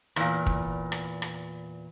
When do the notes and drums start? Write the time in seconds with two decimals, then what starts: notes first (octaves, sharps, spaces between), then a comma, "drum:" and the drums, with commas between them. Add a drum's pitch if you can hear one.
0.16 E2 A#2, drum: rim click
0.46 drum: kick
0.92 drum: rim click
1.22 drum: rim click